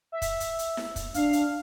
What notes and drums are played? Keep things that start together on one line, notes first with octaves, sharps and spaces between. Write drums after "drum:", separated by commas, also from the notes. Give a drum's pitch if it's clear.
E5
drum: kick, hi-hat
drum: hi-hat
drum: hi-hat
drum: snare E4
drum: kick, hi-hat
D4 F5, drum: hi-hat
drum: hi-hat